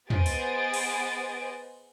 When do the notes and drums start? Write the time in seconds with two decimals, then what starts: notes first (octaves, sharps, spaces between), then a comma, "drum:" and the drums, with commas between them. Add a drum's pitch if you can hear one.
0.10 B3 G#4 C5 D#5 A6 D7, drum: tom
0.26 drum: open hi-hat
0.74 drum: cymbal